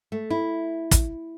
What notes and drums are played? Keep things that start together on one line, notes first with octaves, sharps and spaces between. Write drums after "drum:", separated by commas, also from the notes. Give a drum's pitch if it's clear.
A3
E4
drum: kick, hi-hat